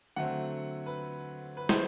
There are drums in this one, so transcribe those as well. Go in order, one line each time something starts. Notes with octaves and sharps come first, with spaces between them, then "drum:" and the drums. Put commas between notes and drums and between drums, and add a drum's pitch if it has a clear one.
D3 F#3 A3 C4 F#5
B4
B4
C5, drum: snare